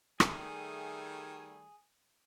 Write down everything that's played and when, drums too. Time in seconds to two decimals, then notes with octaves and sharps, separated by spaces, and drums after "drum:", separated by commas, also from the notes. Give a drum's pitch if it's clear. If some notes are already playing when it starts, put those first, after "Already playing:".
0.20 D#3 G3 A3 G#4 G#5, drum: rim click